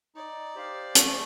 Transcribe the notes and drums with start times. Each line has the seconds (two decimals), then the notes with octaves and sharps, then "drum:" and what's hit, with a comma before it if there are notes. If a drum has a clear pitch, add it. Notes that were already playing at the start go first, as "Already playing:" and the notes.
0.15 D#4 D5
0.55 G4 C5 F5
0.95 A3, drum: hi-hat